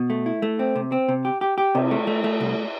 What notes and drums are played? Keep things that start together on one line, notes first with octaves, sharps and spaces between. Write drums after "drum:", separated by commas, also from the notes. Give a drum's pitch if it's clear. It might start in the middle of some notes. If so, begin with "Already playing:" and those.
Already playing: B2
A3
E4
A3
C4
C3
C4
C3
G4
G4
G4
C3, drum: cymbal
A3
A3
A3
C2